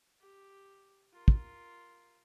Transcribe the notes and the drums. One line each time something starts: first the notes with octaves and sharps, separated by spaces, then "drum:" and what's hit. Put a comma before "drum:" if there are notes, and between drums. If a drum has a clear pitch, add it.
G4
F4 A#4
drum: kick